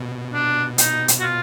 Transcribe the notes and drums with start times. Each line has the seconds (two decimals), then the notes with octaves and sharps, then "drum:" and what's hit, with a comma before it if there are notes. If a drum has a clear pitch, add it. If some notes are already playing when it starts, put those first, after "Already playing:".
Already playing: B2
0.33 D4
0.78 D#4, drum: hi-hat
1.08 drum: hi-hat
1.20 F#4
1.23 F4